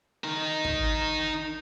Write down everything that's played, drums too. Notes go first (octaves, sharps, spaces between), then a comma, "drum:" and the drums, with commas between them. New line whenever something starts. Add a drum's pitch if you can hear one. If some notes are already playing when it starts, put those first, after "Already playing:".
D#4 A#4
drum: kick